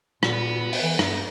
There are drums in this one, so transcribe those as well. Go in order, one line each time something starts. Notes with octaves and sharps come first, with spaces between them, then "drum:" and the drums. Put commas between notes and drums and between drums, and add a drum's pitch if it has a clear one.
A#2 B3, drum: rim click
drum: open hi-hat
E3
G2, drum: rim click